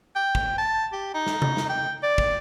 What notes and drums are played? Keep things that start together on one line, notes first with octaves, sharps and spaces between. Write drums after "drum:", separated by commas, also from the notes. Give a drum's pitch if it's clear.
G5
drum: kick
A5
G4
D#4
drum: snare
drum: tom C3
drum: snare
G5
D5
drum: kick